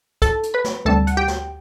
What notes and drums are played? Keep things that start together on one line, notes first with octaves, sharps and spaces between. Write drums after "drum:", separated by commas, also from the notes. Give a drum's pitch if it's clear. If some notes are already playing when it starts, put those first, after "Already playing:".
A4 A5, drum: kick, hi-hat
drum: hi-hat
B4 B5
drum: snare
D2 C3 G3 A4 A5
F#5, drum: hi-hat
G4 G5
drum: snare